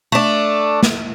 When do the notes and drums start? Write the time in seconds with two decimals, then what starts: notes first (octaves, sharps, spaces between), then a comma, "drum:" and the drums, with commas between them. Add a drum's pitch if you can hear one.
0.12 A3 D4
0.83 drum: snare